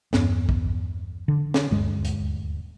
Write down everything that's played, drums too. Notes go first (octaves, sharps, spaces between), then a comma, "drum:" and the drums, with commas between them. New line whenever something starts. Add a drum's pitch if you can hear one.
E2 G2 B3, drum: snare
drum: kick A#1
D3
drum: snare
D#1 D2 G2 G#3
drum: hi-hat